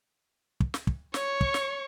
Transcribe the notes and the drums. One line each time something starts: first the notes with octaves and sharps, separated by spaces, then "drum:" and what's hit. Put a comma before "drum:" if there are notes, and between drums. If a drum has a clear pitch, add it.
drum: kick
drum: snare
drum: kick
C#5 C#6, drum: snare
drum: kick
drum: snare